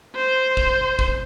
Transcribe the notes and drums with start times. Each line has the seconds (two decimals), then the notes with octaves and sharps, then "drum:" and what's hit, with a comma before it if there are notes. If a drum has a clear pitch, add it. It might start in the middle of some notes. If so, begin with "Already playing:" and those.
0.15 C5
0.57 drum: kick
0.99 drum: kick